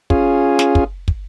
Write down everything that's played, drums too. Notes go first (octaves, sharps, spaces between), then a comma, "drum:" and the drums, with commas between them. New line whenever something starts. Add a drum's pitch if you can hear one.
C#4 F4 G#4, drum: kick
drum: snare
drum: kick
drum: kick